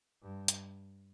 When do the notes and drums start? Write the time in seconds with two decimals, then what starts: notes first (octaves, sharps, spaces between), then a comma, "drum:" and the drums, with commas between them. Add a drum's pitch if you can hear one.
0.22 G2
0.48 drum: hi-hat